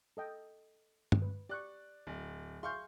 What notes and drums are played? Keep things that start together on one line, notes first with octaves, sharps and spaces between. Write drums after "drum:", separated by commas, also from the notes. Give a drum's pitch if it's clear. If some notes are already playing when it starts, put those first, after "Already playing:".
A4 D#5 G5
drum: tom G2
B4
G4 D5 C#6 F#6
D1
G#4 E5 F5 C6 C#6 G6